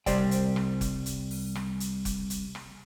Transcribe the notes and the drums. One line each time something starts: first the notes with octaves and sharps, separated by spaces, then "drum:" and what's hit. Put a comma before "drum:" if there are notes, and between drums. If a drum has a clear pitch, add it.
C2 G3 C5 D5 G5, drum: kick F1, hi-hat
drum: hi-hat
drum: rim click
drum: kick F1, hi-hat
drum: hi-hat
drum: open hi-hat
drum: rim click
drum: hi-hat
drum: kick F1, hi-hat
drum: hi-hat
drum: rim click